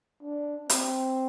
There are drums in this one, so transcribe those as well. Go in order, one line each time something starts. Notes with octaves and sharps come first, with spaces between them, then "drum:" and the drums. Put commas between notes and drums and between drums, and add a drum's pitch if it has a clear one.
D4
C4, drum: hi-hat